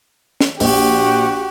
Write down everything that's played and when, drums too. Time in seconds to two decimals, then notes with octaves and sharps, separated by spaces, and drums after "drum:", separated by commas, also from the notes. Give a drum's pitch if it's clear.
0.41 drum: snare
0.60 A#1 F#4 G4, drum: open hi-hat